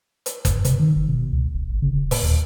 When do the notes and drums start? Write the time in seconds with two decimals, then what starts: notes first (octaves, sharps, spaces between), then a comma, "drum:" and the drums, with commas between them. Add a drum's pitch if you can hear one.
0.26 drum: hi-hat
0.45 G2, drum: kick F#1, hi-hat
0.65 C3, drum: hi-hat
0.79 D#3
0.96 F#1
1.08 B2
1.32 C#2
1.54 E1
1.69 A1
1.82 C#3
1.95 D#1
2.11 A#2, drum: open hi-hat
2.23 D#2